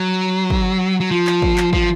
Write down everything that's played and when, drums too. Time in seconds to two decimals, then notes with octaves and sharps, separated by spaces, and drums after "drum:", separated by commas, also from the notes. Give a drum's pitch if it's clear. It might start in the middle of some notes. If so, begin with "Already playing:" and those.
Already playing: F#3
0.50 drum: kick
1.00 F#3
1.11 F3
1.27 drum: clap
1.42 drum: kick
1.58 drum: clap
1.73 F3, drum: kick